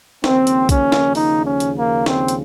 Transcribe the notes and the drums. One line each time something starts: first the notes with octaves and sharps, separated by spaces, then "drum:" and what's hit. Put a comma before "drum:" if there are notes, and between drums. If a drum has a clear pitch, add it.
D#2 C#3 F3 A#3 C4, drum: snare
drum: hi-hat
C#4, drum: kick B1, hi-hat
drum: snare
D#4, drum: open hi-hat
C#4
drum: hi-hat
A#3
C4, drum: snare
drum: hi-hat